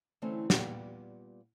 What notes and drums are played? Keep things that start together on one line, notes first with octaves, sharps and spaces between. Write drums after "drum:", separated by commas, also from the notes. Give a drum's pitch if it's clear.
D3 E3 A3 C4 C#4
A#2 G3 B3 F#5 G5, drum: snare